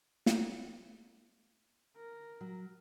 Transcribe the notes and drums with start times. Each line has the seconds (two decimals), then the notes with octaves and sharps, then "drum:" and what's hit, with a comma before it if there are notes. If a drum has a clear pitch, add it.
0.26 drum: snare
1.96 A#4
2.41 F#3